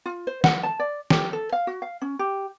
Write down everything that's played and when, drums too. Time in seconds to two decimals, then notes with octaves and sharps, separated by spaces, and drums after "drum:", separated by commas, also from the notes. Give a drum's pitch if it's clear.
0.05 F4
0.27 C5
0.44 F#5, drum: snare
0.63 A5
0.79 D5
1.10 G4, drum: snare
1.33 A4
1.52 F5
1.67 F#4
1.82 F5
2.01 C#4
2.19 G4